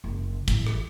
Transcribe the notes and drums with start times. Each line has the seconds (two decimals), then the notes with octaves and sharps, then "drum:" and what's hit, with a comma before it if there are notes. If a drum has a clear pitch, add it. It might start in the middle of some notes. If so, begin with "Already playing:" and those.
0.04 F#1
0.48 A1, drum: kick, hi-hat
0.66 drum: rim click